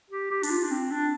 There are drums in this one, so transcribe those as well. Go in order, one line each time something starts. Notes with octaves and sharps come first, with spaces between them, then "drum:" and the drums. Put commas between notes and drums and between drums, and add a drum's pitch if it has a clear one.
G4
G4
D4, drum: open hi-hat
F4
D4
C4
D4